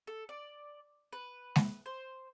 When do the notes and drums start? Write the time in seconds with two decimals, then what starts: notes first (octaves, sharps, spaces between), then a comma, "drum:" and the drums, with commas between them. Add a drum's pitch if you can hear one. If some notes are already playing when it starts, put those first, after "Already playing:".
0.07 A4
0.29 D5
1.13 B4
1.56 drum: snare G#3
1.86 C5